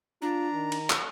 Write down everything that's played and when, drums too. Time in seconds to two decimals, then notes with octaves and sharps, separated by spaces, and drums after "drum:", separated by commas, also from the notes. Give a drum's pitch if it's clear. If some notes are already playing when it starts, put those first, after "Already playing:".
0.22 D4 F4 A#5
0.54 D#3
0.72 drum: cymbal
0.90 drum: clap